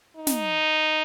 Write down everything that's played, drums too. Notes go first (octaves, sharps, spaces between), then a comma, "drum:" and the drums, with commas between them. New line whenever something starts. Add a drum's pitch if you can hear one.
D#4
drum: snare